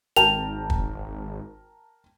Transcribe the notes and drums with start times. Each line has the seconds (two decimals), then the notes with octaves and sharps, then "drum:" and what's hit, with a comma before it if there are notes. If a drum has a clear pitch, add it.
0.16 G#1 A#4 G5 A5 F7, drum: hi-hat
0.70 drum: kick